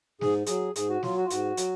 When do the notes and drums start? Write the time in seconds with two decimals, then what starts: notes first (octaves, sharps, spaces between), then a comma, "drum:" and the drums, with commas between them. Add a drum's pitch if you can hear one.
0.21 G#2 G#4, drum: snare
0.46 F#3 G#4, drum: hi-hat
0.76 G#2 G#4, drum: hi-hat
0.89 F#4
1.03 F#3 F4, drum: snare
1.17 F#4
1.25 F4
1.30 G#2 F#4, drum: hi-hat
1.57 F#3, drum: hi-hat